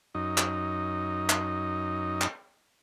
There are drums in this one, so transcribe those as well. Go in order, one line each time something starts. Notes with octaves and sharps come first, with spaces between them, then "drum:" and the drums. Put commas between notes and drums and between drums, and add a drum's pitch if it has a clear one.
F#2 D#4
drum: clap
drum: clap
drum: clap